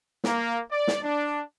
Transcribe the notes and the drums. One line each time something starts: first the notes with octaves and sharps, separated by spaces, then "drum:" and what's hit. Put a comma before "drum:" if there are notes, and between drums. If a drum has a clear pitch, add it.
A#3, drum: snare
D5
drum: snare
D4